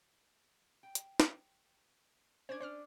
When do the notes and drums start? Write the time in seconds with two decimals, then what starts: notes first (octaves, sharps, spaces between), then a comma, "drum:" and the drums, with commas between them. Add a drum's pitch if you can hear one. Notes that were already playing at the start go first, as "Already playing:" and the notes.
0.83 G5
0.95 drum: hi-hat
1.20 drum: snare
2.49 C#4 D4 C5 G#6
2.60 C#4 D4 C5 F6